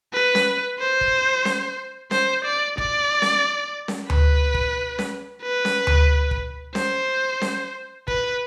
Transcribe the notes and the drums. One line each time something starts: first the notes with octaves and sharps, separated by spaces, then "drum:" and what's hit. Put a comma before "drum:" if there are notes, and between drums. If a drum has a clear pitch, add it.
B4
drum: snare C#4
C5
drum: kick
drum: snare C#4
C5, drum: snare C#4
D5
D5, drum: kick
drum: snare C#4
drum: snare C#4
B4, drum: tom D2
drum: kick
drum: snare C#4
B4
drum: snare C#4
drum: tom D2
drum: kick
C5, drum: snare C#4
drum: snare C#4
B4, drum: kick